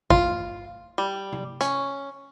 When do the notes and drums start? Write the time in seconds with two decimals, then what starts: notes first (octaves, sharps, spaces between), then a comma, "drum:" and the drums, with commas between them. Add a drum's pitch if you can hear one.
0.10 F4, drum: kick G#1
0.98 G3
1.32 drum: tom C3
1.61 C#4, drum: hi-hat